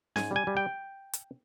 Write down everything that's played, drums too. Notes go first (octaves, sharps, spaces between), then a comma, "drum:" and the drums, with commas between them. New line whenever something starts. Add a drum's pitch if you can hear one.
G#2 G#5, drum: snare C#4
G3 G#5
G3
G5
drum: hi-hat